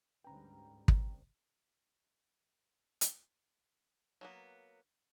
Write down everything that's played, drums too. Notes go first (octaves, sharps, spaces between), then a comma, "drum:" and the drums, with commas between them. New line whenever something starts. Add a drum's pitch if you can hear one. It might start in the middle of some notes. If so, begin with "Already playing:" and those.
D2 G#2 D3 G3 C#4 B4 G5 A#5
C2, drum: kick
drum: hi-hat
F#3 A#3 B3